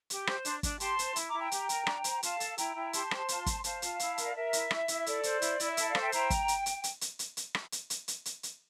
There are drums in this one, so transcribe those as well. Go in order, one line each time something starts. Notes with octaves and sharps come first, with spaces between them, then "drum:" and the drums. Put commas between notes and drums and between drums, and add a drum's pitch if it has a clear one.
G4, drum: hi-hat
C5, drum: rim click
D4, drum: hi-hat
D4, drum: kick, hi-hat
G4 A5 C6, drum: hi-hat
C5, drum: hi-hat
E4, drum: hi-hat
A#5 D6
E4
G5 A#5
G4, drum: hi-hat
A#4, drum: hi-hat
D4, drum: rim click
C5, drum: hi-hat
F4 F5 A5, drum: hi-hat
A4, drum: hi-hat
E4 G5 A#5, drum: hi-hat
E4
G4 A5 C6, drum: hi-hat
C5, drum: rim click
F4, drum: hi-hat
C5, drum: kick, hi-hat
C5 F5 A5, drum: hi-hat
F4, drum: hi-hat
E4, drum: hi-hat
A#4, drum: hi-hat
D5
A#4 E5
E4, drum: hi-hat
E4, drum: rim click
E4, drum: hi-hat
A4 D5, drum: hi-hat
C5, drum: hi-hat
E4, drum: hi-hat
E4, drum: hi-hat
D5
A4 E5, drum: hi-hat
D5 F5
C5, drum: rim click
E5 G5
E4 G5 A#5, drum: hi-hat
drum: kick, hi-hat
drum: hi-hat
drum: hi-hat
drum: hi-hat
drum: hi-hat
drum: hi-hat
drum: hi-hat
drum: rim click
drum: hi-hat
drum: hi-hat
drum: hi-hat
drum: hi-hat
drum: hi-hat